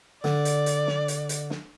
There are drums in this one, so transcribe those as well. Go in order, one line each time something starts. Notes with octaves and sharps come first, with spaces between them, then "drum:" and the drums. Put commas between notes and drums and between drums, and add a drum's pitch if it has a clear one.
D3 D5, drum: snare
drum: hi-hat
drum: hi-hat
drum: snare
drum: hi-hat
drum: hi-hat
drum: snare